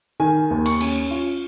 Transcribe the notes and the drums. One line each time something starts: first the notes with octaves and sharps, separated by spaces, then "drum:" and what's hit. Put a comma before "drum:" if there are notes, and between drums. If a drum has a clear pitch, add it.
D#3 G#5
D#2
C#6, drum: cymbal
C#4, drum: cymbal
F4